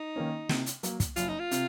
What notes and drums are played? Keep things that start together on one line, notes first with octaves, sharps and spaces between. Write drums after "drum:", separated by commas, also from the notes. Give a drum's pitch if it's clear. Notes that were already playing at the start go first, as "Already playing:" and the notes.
Already playing: D#4
D#3 A#3 C#4
C3, drum: snare
drum: hi-hat
F#3 A#3, drum: hi-hat
drum: kick, hi-hat
F#1 F4, drum: hi-hat
D#4
F4
C3, drum: hi-hat